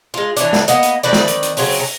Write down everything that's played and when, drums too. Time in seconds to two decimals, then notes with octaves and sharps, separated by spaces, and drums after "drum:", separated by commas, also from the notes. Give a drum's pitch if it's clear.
0.14 G#3 F4
0.37 E3 C#4 D4, drum: hi-hat
0.53 drum: snare
0.68 A#3 B3 D#5, drum: hi-hat
0.83 drum: hi-hat
1.03 D#3 C4 B4 D5
1.13 drum: snare
1.28 drum: hi-hat
1.43 drum: hi-hat
1.57 C#3 F#3 C4 C#4, drum: open hi-hat
1.80 A#5